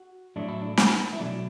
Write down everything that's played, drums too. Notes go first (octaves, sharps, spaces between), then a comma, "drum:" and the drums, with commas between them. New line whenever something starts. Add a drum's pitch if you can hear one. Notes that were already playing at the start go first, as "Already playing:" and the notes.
Already playing: F#4
A2 F#3 A3 D4
E4
D4
B3, drum: snare
E4
B2 F#3 A3 D4